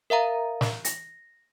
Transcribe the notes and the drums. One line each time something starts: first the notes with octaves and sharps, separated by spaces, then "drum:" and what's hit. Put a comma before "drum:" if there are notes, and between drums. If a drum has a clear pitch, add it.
A#4 E5 F5 A#5
drum: snare
A#6, drum: hi-hat